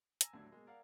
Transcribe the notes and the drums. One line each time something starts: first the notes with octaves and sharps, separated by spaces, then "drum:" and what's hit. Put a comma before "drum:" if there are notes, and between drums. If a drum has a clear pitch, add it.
G#5 A#5 E6 A#6, drum: hi-hat
D#1 A2 D3 F#3 D4 G#6
B2 G#3 A#3
A#4 D5 F5 F#5